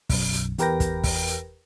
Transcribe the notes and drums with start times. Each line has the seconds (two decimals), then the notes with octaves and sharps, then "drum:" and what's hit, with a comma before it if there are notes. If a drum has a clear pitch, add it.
0.09 B1 F#2, drum: kick, open hi-hat
0.33 drum: hi-hat
0.58 E2 G4 A#4 B4 G5 A#6, drum: hi-hat
0.80 drum: kick, hi-hat
1.04 drum: kick, open hi-hat
1.27 drum: hi-hat